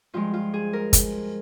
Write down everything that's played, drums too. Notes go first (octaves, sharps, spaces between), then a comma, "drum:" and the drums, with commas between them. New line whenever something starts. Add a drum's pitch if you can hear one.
G2 F3 G#3 F4
F4
G#4
A#4
drum: kick, hi-hat